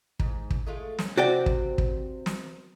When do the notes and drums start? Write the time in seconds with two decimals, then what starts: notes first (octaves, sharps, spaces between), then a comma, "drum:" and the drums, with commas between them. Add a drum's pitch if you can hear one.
0.20 G#2, drum: kick
0.50 drum: kick
0.66 G#3 A3 F4
0.99 C#4 G4, drum: snare
1.17 C3 C4 F#4 D5 E5 G5
1.46 drum: kick
1.78 drum: kick
2.26 drum: snare